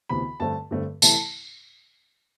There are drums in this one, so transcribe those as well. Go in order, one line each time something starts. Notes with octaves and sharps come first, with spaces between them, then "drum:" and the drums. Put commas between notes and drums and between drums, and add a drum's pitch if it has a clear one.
D2 C3 E3 B3 B5
G2 D3 A3 C4 A5
G2 D3 A3 C4
C3 E3 A3 E4 A5, drum: tambourine